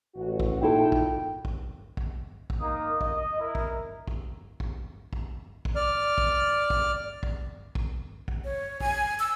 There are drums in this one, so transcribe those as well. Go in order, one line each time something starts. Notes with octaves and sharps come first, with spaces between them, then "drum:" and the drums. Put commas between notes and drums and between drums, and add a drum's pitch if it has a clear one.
A1 F#4
drum: kick
A#2 D#4 E4 A4 G5
drum: kick
drum: kick
drum: kick
drum: kick
A#3 D#4 A#4 D#6
D#5, drum: kick
E4 A#4
drum: kick
drum: kick
drum: kick
drum: kick
drum: kick
D5 F6
drum: kick
drum: kick
drum: kick
drum: kick
drum: kick
C#5
G#5, drum: kick
E6